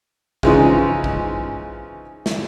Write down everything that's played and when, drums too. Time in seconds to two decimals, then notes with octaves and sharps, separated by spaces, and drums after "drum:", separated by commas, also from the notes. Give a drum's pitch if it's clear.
0.43 C#3 E3 F3 G#3 C#4 D#4, drum: kick
1.04 drum: kick
2.26 drum: snare